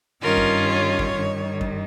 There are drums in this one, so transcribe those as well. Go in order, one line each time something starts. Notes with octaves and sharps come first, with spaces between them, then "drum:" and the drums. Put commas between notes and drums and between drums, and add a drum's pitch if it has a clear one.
G2 D#3 G3 C#4 F4 A#4
drum: kick F#2
C#5
drum: kick F#2
G2 D#3 G3
drum: kick F#2